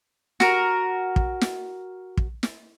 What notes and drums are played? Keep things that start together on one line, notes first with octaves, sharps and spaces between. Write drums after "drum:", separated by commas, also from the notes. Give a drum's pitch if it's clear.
F#4 A#4, drum: snare
drum: kick
drum: snare
drum: kick
drum: snare